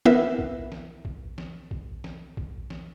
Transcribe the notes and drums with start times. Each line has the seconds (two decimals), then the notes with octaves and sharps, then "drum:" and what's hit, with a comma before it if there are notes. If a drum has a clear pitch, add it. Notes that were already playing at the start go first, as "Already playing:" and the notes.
0.05 B3 E4 A#4 B4 E5, drum: snare
0.39 drum: kick
0.72 drum: snare
1.05 drum: kick
1.38 drum: snare
1.71 drum: kick
2.04 drum: snare
2.37 drum: kick
2.70 drum: snare